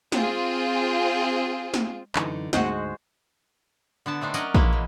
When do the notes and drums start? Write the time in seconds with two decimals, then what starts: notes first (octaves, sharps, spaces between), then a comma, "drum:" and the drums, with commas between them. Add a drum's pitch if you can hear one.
0.12 C4 F4 G#4, drum: snare
1.74 drum: snare
2.15 F#2 D3 E3 A3 D#4, drum: clap
2.53 D2 G#2 G#3 F#4 C5 D#5 F#5, drum: snare
4.06 D3 B3 A5
4.21 A3 C4 D4 D#4
4.34 F#3 C#4 F#4 A#4 D5 D#5, drum: tambourine
4.54 E3 G#3 A#3 C#4 E4, drum: kick
4.73 B2